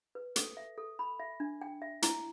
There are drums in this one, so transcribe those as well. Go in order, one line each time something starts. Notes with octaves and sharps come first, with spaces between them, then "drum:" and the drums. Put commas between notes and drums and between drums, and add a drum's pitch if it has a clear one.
B4
A4, drum: hi-hat
E5
A4
B5
E5
D4
G5
E5
E4, drum: hi-hat